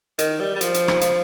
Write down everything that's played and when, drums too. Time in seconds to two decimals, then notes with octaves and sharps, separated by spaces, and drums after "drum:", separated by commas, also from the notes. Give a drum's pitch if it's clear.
0.19 D#3, drum: hi-hat
0.40 G3
0.56 G3
0.61 F3, drum: hi-hat
0.74 drum: hi-hat
0.88 drum: rim click
1.01 F3, drum: hi-hat